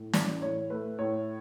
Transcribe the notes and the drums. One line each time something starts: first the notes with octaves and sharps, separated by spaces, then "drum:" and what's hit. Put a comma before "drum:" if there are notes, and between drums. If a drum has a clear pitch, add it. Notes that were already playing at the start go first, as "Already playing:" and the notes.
Already playing: A2
E3 D5, drum: snare
A2 C#5
A3 B4
A2 C#5